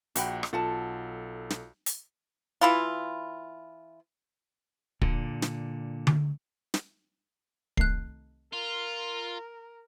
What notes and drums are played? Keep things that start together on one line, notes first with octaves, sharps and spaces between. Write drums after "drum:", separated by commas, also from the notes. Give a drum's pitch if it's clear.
A#1 F#4 F#5 G5 B5, drum: hi-hat
drum: rim click
B1 F4 A4 F#5 A5
drum: snare
drum: hi-hat
E3 E4 F4
A#2 D3, drum: kick
drum: snare
drum: tom D3
drum: snare
C2 D#3 A3 F#6 C7, drum: kick
F4 A#4